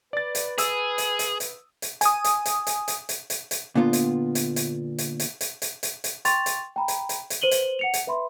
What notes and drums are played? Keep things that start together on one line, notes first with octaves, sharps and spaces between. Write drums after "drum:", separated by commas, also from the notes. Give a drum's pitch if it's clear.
B4 D5 A6
drum: hi-hat
G#4 D#6 E6, drum: hi-hat
drum: hi-hat
drum: hi-hat
drum: hi-hat
drum: hi-hat
G#5 D#6, drum: hi-hat
drum: hi-hat
drum: hi-hat
drum: hi-hat
drum: hi-hat
drum: hi-hat
drum: hi-hat
drum: hi-hat
A#2 D3 B3 F4
drum: hi-hat
drum: hi-hat
drum: hi-hat
drum: hi-hat
drum: hi-hat
drum: hi-hat
drum: hi-hat
drum: hi-hat
drum: hi-hat
G5 C6 C#6 A6 F7, drum: hi-hat
drum: hi-hat
G5 A#5 B5
drum: hi-hat
drum: hi-hat
drum: hi-hat
B4 C5 D#7 F#7 G7
drum: hi-hat
F#5 C#7 F7
drum: hi-hat
B4 E5 B5 C6